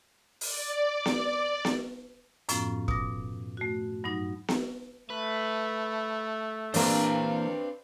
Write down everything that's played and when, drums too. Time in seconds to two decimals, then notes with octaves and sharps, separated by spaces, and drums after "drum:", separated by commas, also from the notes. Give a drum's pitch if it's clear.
0.41 D5, drum: open hi-hat
1.06 drum: snare B3
1.65 drum: snare B3
2.49 F#2 A2 F3 B3 C#4 F4, drum: hi-hat
2.88 B2 D6 A#6, drum: kick
3.57 A3 F#4
4.04 G2 F#3 D#4 A#6
4.48 drum: snare B3
5.10 A3 B4
6.74 G2 E3 A#3 C4 D4 C5 A#5, drum: open hi-hat